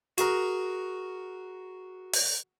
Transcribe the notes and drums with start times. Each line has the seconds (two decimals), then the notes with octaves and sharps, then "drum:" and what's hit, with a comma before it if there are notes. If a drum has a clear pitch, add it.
0.18 F#4 G#4 A#4, drum: hi-hat
2.13 drum: open hi-hat